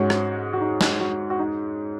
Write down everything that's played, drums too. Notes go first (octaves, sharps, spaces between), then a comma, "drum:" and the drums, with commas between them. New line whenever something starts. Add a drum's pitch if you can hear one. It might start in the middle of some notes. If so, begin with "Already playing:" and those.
Already playing: G#2 G#3 C#4 F#4
drum: rim click
F#4
D#4
drum: snare
F#4
F#4
D#4